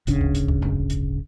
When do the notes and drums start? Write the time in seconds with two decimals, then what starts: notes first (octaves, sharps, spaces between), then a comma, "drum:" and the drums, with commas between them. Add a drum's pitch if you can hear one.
0.07 D1 G1 C#3 D4, drum: hi-hat
0.21 drum: kick C#2
0.35 drum: hi-hat
0.48 drum: kick C#2
0.62 drum: tom F2
0.90 drum: hi-hat